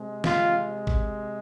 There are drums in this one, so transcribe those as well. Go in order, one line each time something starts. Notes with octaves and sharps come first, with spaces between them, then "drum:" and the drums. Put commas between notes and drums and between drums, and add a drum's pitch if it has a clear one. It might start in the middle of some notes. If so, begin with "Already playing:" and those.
Already playing: C3 G#3
F4, drum: snare
drum: kick G#1